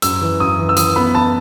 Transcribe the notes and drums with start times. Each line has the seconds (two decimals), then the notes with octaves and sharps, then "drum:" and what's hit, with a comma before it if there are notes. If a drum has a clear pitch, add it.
0.02 F#2 E6, drum: hi-hat
0.21 E3
0.40 F#2 D#6
0.59 E3
0.69 E6
0.77 E3 D#6, drum: hi-hat
0.96 B3 B5
1.14 B3 A5